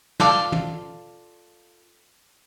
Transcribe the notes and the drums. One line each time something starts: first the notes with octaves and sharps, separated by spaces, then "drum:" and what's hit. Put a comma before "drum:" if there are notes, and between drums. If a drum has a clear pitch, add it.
F4 A4 D5 F5, drum: snare
drum: tom